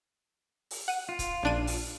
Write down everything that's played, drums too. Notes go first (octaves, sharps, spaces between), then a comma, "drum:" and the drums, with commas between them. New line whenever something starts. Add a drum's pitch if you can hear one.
drum: open hi-hat
F#5 D#7
F4
drum: kick, hi-hat
A#1 D4 D#7
drum: open hi-hat